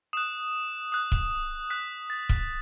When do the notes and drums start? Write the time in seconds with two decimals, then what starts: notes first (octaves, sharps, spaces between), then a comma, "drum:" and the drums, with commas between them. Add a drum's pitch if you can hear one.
0.13 D#6 F#6 E7
0.92 D#6 F#6
1.12 drum: kick
1.70 D#6 F#6 B6
2.10 A6
2.29 drum: kick